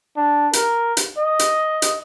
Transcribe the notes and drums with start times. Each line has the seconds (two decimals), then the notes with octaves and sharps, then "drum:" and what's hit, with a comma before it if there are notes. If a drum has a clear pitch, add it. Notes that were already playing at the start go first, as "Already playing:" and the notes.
0.17 D4
0.53 A#4, drum: hi-hat
0.97 drum: hi-hat
1.18 D#5
1.39 drum: hi-hat
1.82 drum: hi-hat